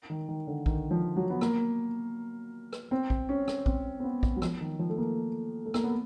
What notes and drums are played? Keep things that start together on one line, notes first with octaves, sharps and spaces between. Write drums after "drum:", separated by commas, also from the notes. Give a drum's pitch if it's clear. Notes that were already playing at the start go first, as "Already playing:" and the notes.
D#3
D#3
D3
D#3, drum: kick A#1
F3
F#3
B3
A#3, drum: rim click
drum: rim click
C4
drum: kick A#1
C#4
drum: rim click
C4, drum: kick A#1
C4
B3
drum: kick A#1
F#3
F3, drum: rim click
D#3
F3
A3
A#3
A3
A#3, drum: rim click
B3